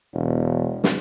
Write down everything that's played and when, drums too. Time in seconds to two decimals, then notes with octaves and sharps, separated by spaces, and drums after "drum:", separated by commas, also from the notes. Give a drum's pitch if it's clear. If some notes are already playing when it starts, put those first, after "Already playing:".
0.14 E1
0.84 drum: snare